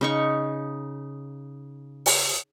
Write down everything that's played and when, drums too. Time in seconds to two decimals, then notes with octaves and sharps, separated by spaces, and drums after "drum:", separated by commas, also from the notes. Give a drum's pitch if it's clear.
0.01 C#3 D#4 C#6
2.06 drum: open hi-hat